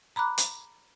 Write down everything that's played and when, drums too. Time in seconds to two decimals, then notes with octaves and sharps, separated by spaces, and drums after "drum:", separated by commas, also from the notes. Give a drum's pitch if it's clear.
0.16 A#5 B5 D6 F#6
0.38 drum: hi-hat